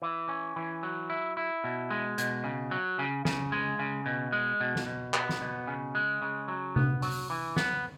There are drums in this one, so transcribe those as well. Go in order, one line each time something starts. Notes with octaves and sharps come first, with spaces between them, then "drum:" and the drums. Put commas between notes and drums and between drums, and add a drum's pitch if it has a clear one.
E3
C#4
E3
F#3
E4
E4
B2
G#3
B2, drum: hi-hat
C#3
F#3
C#3
C#3, drum: snare
G#3
C#3
B2
G#3
B2
drum: snare
B2
B3, drum: clap
drum: snare
B2
C#3
G#3
C#3
F#3
B3, drum: tom C3
F#3, drum: open hi-hat
E3
B3, drum: snare